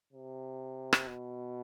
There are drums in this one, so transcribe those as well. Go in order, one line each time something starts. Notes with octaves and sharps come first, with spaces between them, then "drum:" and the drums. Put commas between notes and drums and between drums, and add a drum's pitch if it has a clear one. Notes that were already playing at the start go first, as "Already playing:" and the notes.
C3
drum: rim click
B2